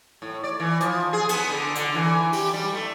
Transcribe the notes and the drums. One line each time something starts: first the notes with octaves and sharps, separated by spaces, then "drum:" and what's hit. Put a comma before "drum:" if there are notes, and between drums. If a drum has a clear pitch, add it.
A2
D5
E3
F3, drum: hi-hat
G#4
B3, drum: cymbal
D3
D3, drum: hi-hat
E3
G4, drum: open hi-hat
G3
A3